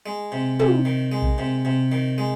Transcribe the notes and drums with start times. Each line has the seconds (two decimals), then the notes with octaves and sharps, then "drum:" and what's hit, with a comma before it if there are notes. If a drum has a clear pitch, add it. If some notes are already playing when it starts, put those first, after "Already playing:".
0.06 G#3
0.32 C3
0.60 C3, drum: tom
0.85 D#3
1.12 G#3
1.22 drum: kick
1.38 C3
1.65 C3
1.92 D#3
2.18 G#3